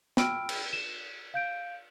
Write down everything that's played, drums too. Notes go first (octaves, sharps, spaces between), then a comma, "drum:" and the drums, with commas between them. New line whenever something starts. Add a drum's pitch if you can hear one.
G5 B5 E6 F6 D7, drum: snare
drum: cymbal
E7
F5 G6 D7